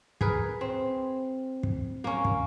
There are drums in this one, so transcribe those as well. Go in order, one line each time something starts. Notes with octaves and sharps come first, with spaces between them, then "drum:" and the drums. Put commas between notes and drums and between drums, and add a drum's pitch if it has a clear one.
G#4 A#4 B4, drum: kick
C4
drum: kick
A#3 C#4
drum: kick